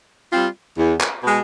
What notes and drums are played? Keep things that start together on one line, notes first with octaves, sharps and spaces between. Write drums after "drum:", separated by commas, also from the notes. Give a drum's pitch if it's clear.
G3 C4 F4
E2
drum: clap
B2 G#3